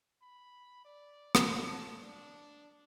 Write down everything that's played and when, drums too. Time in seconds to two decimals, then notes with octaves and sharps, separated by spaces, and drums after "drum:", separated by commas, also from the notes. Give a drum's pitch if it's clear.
0.22 B5
0.85 D5
1.35 D4, drum: rim click
1.68 A5
2.01 D4